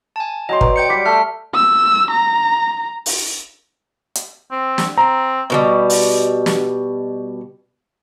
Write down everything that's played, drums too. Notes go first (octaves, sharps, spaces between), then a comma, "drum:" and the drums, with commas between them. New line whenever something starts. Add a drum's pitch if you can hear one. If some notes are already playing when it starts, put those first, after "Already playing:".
G#5 A5
F#3 D#5 G5 C6
B4 D5 A#5, drum: kick
G5 G6 C#7
G3 F#5 D6 B6
A3 F6 B6
E6
A#5
drum: open hi-hat
drum: hi-hat
C4
drum: snare
C4 A#5
B2 E3 G3
drum: open hi-hat
drum: snare